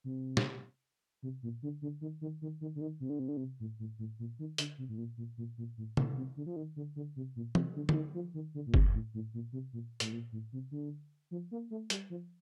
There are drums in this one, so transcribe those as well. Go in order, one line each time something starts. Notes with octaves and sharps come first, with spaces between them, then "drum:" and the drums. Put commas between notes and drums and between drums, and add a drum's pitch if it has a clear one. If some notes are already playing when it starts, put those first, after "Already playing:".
C3
drum: snare
C3
A#2
D3
D3
D#3
D#3
D#3
D#3
D3
D#3
C3
D3
C3
D3
C3
A2
A2
A2
A#2
D#3
D3, drum: hi-hat
C3
A2
A#2
A#2
A#2
A#2
A2
A#2, drum: tom
C3
D3
F3
D#3
D3
D3
C3
A#2
C3, drum: tom
D3
F3, drum: tom
D#3
F3
D#3
D3
A#2
C3, drum: kick F#1
A2
A2
A#2
C3
A#2
A2, drum: hi-hat
A#2
A2
C3
D3
F3
A#3
A3
G3, drum: hi-hat
F3